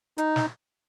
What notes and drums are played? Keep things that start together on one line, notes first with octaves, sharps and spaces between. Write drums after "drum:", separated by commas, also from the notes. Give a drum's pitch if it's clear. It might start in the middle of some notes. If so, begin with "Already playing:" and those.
D#4, drum: hi-hat
drum: snare